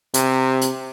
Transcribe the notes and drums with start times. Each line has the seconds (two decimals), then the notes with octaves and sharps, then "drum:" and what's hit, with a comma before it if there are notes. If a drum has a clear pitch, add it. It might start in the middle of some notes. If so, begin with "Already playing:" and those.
0.14 C3, drum: hi-hat
0.62 drum: hi-hat